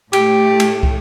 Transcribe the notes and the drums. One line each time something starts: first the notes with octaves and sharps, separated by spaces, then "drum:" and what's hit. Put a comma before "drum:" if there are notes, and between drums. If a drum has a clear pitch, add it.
A2 A3 G4, drum: cymbal
drum: cymbal
drum: kick